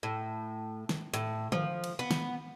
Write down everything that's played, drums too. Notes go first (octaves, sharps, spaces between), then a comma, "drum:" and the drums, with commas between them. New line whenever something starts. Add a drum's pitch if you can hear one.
A2
drum: snare
A2, drum: hi-hat
F3, drum: tom D3
drum: cymbal
B3
drum: snare